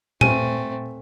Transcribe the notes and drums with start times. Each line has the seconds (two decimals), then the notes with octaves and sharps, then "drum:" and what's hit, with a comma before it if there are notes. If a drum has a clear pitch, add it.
0.21 A3 C4 G#5, drum: tom A#2